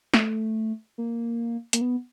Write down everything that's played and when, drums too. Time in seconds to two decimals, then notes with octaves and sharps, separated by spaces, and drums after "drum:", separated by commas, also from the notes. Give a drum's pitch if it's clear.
0.14 A3, drum: snare
0.98 A#3
1.73 A#3, drum: hi-hat
1.81 B3